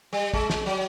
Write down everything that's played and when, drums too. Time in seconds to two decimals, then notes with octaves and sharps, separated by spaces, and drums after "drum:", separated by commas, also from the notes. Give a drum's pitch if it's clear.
0.13 G3
0.34 G#3, drum: kick
0.50 drum: snare
0.66 F#3